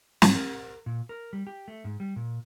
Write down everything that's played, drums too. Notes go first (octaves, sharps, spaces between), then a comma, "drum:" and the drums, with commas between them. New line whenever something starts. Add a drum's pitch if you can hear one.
G#2, drum: snare
A#4
A#2
A#4
G3
G4
A3
G#2
G3
A#2